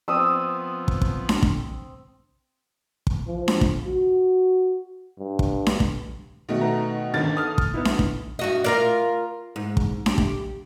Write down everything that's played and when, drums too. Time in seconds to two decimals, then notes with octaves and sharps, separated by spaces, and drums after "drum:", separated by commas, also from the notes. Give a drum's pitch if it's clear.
0.08 F3 B3 C4 D#6 E6
0.88 drum: kick
1.02 drum: kick
1.29 drum: snare D4
1.43 drum: kick
3.07 drum: kick
3.27 F3
3.48 drum: snare D4
3.61 drum: kick
3.86 F#4
5.18 G2
5.39 drum: kick
5.66 drum: snare D4
5.80 drum: kick
6.49 B2 D#3 A3
6.61 D#4 B4 A#5
7.14 G#1 D3 D#3 B3 C#4 A6
7.37 A4 D#6 F6
7.58 drum: kick
7.74 B3 D#4 E4
7.85 drum: snare D4
7.99 drum: kick
8.39 G2 F#4 D#5
8.64 F4 A#4 D5
9.56 G#2
9.77 drum: kick
10.06 G4, drum: snare D4
10.18 drum: kick